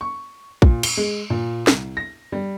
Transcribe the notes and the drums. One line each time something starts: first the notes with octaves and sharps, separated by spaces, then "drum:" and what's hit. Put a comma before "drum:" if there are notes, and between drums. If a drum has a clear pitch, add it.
C#6
A#2, drum: kick
G7, drum: cymbal
G#3
A#2
C2, drum: snare
A#6
G3